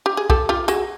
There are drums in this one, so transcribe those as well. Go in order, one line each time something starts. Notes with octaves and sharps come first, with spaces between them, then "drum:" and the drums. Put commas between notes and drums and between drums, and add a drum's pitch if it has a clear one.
G4
G#4
G4 A4, drum: kick B1
F4 G4
F#4 G#4, drum: tambourine